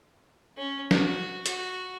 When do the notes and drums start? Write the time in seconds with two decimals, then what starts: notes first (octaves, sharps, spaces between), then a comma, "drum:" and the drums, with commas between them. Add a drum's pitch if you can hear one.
0.58 C#4
0.91 F#4, drum: snare
1.46 F#4, drum: hi-hat